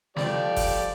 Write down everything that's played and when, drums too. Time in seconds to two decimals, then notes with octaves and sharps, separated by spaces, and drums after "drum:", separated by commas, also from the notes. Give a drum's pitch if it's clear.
0.16 F3 A3 G4 D5, drum: snare
0.57 drum: kick F#1, open hi-hat